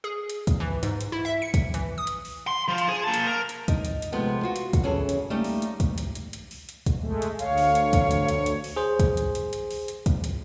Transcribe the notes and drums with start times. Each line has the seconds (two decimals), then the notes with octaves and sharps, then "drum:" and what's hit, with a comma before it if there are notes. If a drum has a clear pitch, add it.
0.04 G#4
0.30 drum: hi-hat
0.47 drum: kick, hi-hat
0.60 E3
0.83 G#2, drum: hi-hat
1.01 drum: hi-hat
1.12 E4
1.25 E5
1.42 C#7
1.54 drum: kick, hi-hat
1.74 E3, drum: hi-hat
1.98 D#6
2.07 drum: hi-hat
2.25 drum: open hi-hat
2.47 C6
2.68 F3
2.78 drum: hi-hat
2.88 G#4
3.04 A#3 A5
3.14 drum: hi-hat
3.27 A#4
3.49 drum: hi-hat
3.68 D#4, drum: kick, hi-hat
3.85 drum: hi-hat
4.02 drum: hi-hat
4.12 C3 F3 G#3 A3 B3
4.43 F4 F#4
4.56 drum: hi-hat
4.73 drum: kick, hi-hat
4.83 C#3 E3 C#4 G#4 A4
5.09 drum: hi-hat
5.30 G3 A3 A#3 D#4
5.44 drum: open hi-hat
5.62 drum: hi-hat
5.80 drum: kick, hi-hat
5.98 drum: hi-hat
6.15 drum: hi-hat
6.33 drum: hi-hat
6.51 drum: open hi-hat
6.69 drum: hi-hat
6.86 drum: kick, hi-hat
6.98 G#3 A3
7.22 drum: hi-hat
7.39 D2 C#5 F5, drum: hi-hat
7.57 drum: open hi-hat
7.75 drum: hi-hat
7.93 drum: kick, hi-hat
8.11 drum: hi-hat
8.29 drum: hi-hat
8.46 drum: hi-hat
8.64 drum: open hi-hat
8.76 G#4 C5
9.00 drum: kick, hi-hat
9.17 drum: hi-hat
9.35 drum: hi-hat
9.53 drum: hi-hat
9.71 drum: open hi-hat
9.88 drum: hi-hat
10.06 drum: kick, hi-hat
10.24 drum: hi-hat